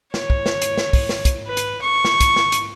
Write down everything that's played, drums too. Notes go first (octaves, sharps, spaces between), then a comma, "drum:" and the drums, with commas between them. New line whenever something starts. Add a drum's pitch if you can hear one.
C#5, drum: snare
drum: kick
drum: snare
drum: hi-hat
drum: snare
drum: kick, open hi-hat
drum: snare
drum: kick, hi-hat
B4
drum: hi-hat
C#6
drum: snare
drum: kick, hi-hat
drum: snare
drum: hi-hat